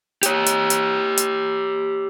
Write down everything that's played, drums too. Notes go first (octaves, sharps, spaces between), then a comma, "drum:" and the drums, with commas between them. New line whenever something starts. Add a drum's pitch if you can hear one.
G4 C#5, drum: hi-hat
drum: hi-hat
drum: hi-hat
drum: hi-hat